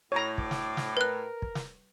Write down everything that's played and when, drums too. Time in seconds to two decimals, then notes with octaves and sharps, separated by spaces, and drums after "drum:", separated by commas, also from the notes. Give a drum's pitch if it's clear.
0.12 A2 C#5 A#5
0.38 D2 D6, drum: kick
0.51 drum: snare
0.77 drum: snare
0.97 A#4 B4 F#6
1.42 drum: kick
1.55 drum: snare